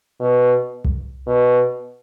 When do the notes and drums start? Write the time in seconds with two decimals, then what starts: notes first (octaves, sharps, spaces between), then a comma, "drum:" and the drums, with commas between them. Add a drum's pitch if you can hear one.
0.20 B2
0.85 drum: kick C2
1.27 B2